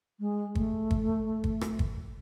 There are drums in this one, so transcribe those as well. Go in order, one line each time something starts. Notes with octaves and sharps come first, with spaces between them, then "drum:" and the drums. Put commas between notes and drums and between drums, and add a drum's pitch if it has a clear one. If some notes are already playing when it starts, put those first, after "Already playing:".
G#3
A3, drum: kick
drum: kick
drum: kick
drum: rim click
drum: kick